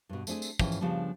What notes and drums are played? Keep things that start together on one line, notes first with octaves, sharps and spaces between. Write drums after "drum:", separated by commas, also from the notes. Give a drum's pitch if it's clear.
G2 B2
A3 C4 D4 G#4, drum: tambourine
drum: tambourine
G#2 E3 F3 C#4 B4 G5, drum: kick, tambourine
drum: tambourine
C#3 F3 G3 B3 D4